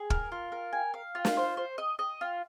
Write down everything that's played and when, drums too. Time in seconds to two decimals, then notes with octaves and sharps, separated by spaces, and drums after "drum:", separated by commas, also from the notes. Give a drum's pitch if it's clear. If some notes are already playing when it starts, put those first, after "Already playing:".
Already playing: G#4
0.10 A#4, drum: kick
0.32 F4
0.52 A#4
0.73 G#5
0.94 F5
1.15 F4
1.25 drum: snare
1.37 C5
1.57 C5
1.78 D#5
1.99 D#5
2.21 F4